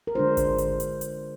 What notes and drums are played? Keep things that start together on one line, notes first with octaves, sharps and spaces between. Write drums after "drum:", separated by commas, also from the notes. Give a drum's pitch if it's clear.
A#4
D3 G#3 D4 F4 C5
drum: kick G#1, hi-hat
drum: hi-hat
drum: hi-hat
drum: hi-hat